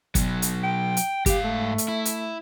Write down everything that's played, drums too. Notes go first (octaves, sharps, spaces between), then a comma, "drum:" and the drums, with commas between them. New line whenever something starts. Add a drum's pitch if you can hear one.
B2 F#3, drum: kick, hi-hat
drum: hi-hat
G5
drum: hi-hat
G#2 G4 F5, drum: kick, hi-hat
A3
drum: hi-hat
E4
drum: hi-hat